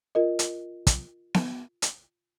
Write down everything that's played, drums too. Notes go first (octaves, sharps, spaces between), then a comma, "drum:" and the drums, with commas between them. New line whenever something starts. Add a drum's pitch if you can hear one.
F4 A#4 D#5
drum: hi-hat
drum: kick, hi-hat
drum: snare B3
drum: hi-hat